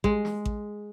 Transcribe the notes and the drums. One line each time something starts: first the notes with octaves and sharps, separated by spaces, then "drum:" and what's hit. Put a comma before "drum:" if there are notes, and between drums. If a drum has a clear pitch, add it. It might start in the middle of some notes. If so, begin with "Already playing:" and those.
G#3, drum: kick A1
drum: snare
drum: kick A1